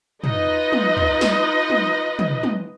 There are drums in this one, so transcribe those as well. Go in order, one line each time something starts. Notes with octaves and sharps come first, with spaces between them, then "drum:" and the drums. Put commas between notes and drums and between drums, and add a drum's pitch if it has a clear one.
D#4 F4 B4 D#5, drum: tom
drum: tom
drum: tom
drum: snare
drum: tom
drum: tom
drum: tom